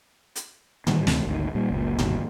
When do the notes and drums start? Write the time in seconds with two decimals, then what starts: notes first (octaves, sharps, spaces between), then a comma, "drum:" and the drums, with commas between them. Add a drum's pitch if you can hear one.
0.36 drum: hi-hat
0.87 D#3 E3 G3, drum: tom
1.07 D2 C3 E3 A3, drum: snare
1.25 G#1 D2 D#3
1.55 A#2 G3
1.70 F#1 C#2 A#2
1.99 G1 D#2 B2, drum: tom